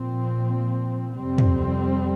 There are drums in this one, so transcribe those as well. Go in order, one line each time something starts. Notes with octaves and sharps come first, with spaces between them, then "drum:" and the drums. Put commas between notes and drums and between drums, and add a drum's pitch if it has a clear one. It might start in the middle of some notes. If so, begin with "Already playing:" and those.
Already playing: A#2 F3 C4
F2 C3 G3 C4
drum: tom